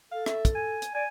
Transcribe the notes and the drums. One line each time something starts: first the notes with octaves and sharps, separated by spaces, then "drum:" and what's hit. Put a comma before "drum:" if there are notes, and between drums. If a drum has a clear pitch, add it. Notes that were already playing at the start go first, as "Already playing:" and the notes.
A4 F5
E5, drum: rim click
drum: kick, hi-hat
G#5
drum: hi-hat
D5 G#5